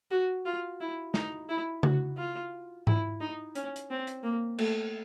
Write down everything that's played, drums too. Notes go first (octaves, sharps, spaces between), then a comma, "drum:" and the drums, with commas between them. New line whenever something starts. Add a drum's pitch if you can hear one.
F#4
F4
E4
D#4, drum: snare
E4
F#4, drum: tom C#3
F4
E4, drum: tom G#2
D#4
C#4, drum: hi-hat
drum: hi-hat
C4
drum: hi-hat
A#3
A3, drum: cymbal